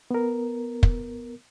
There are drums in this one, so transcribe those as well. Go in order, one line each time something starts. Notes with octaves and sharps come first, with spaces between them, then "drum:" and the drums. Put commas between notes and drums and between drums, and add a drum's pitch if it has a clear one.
B3 A#4
drum: kick